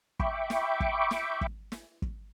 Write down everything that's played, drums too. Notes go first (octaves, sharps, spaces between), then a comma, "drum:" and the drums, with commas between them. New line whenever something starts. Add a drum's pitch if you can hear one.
E5 G5 B5 C#6 D6, drum: kick
drum: snare
drum: kick
drum: snare
drum: kick
drum: snare
drum: kick